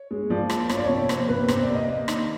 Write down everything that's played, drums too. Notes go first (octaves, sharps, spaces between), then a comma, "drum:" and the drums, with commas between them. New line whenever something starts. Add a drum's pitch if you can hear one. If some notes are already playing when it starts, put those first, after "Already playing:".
Already playing: C#5
G#3
F3 D5
A#3, drum: rim click
F3 C#5, drum: rim click
D5
C#5
C3
A#3 C5, drum: rim click
C3 B4
C3 C5, drum: rim click
D5
A#3
D#5
A#3
D#3, drum: rim click